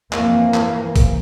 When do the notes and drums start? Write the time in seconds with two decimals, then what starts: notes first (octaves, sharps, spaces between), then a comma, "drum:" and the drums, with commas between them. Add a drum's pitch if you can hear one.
0.12 F2 E3 A#3, drum: clap
0.54 drum: clap
0.96 drum: kick, open hi-hat